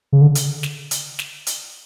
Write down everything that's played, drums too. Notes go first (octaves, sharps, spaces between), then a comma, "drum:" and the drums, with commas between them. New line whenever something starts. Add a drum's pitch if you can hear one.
C#3
D3
drum: hi-hat
drum: snare
drum: hi-hat
drum: snare
drum: hi-hat